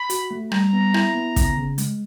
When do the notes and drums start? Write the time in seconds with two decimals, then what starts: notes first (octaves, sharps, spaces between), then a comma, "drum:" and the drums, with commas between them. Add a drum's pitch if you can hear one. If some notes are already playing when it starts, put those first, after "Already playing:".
Already playing: B5
0.10 F#4, drum: hi-hat
0.31 A3
0.52 G3 A#5, drum: rim click
0.73 B3
0.94 E4, drum: rim click
1.15 B3
1.36 C#3, drum: kick, hi-hat
1.57 C#3
1.78 G#3, drum: hi-hat